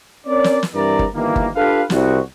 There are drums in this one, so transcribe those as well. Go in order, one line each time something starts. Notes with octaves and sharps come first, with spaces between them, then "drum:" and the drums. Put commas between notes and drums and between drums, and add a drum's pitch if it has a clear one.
C4 C#4 A#4 C#5 D5
drum: snare
drum: snare
G2 E3 C4 A#4 D5 A#5
drum: kick G1
G1 D#3 E3 A#3
drum: kick G1
D4 F4 G4 A4 B4 F5
C2 F#4, drum: snare